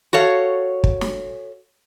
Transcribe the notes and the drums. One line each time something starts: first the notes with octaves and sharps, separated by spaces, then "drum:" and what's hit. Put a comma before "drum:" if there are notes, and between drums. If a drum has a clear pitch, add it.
F#4 A4 C#5 F5
drum: kick
drum: snare